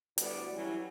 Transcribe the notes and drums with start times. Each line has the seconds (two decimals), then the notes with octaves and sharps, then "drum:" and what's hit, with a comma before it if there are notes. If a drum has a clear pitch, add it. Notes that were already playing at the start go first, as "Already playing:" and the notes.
0.18 D2 A2 G3 B3 F#4 D5, drum: hi-hat
0.53 E3 F#3 G3 C#4 E4